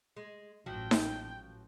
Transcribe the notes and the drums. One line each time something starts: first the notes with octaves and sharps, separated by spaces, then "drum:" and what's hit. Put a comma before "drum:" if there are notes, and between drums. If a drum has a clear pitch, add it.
G#3
A1 F3 F#3 F#4 G5
drum: snare D#4